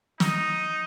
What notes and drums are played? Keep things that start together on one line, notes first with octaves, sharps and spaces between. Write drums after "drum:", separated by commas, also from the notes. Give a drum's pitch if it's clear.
D#4, drum: snare